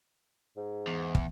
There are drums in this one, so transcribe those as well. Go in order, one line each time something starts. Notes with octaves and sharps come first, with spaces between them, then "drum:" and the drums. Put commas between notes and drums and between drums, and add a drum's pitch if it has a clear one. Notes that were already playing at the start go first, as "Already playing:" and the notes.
G#2
E2
drum: kick